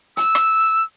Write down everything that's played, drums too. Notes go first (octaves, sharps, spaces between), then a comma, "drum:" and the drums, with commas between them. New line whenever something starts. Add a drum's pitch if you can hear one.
E6, drum: hi-hat
drum: rim click